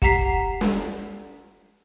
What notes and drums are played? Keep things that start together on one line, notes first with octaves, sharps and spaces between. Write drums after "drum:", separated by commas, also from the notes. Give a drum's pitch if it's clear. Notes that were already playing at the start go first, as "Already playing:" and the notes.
G4 F#5 A#5 B6 C7, drum: kick
drum: snare